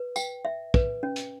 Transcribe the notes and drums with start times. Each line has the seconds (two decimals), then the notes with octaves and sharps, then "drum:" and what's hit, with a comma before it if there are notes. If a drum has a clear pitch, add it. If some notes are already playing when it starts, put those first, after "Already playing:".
Already playing: B4
0.16 G5, drum: tambourine
0.45 E5
0.74 B4, drum: kick
1.03 C#4
1.16 drum: hi-hat